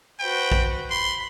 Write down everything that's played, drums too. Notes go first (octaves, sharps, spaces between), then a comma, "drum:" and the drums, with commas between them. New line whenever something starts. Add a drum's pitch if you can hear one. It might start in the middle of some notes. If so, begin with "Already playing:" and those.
F#4 B4 C5 G5
drum: kick A#1
B5 C6